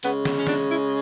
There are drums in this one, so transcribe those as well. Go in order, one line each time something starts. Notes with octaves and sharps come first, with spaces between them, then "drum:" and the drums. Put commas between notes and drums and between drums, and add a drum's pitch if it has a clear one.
C#3 G#3 B3, drum: hi-hat
drum: snare
C#4
D4, drum: snare
E4